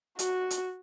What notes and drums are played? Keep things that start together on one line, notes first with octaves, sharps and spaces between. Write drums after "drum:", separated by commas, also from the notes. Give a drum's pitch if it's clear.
F#4, drum: hi-hat
drum: hi-hat